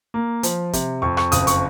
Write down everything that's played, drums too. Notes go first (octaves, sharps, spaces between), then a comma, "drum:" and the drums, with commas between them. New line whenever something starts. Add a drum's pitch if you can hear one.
A#3
F3, drum: hi-hat
C3, drum: kick, hi-hat
F2 C#6
C#6, drum: rim click
F#1 D#6, drum: hi-hat
C#6, drum: hi-hat